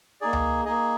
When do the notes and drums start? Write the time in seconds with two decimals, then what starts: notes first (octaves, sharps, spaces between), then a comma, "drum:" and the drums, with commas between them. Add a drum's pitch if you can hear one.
0.21 A#3 D#4 G#4 D5
0.33 drum: tom C#2
0.65 A#3 D#4 G#4 D#5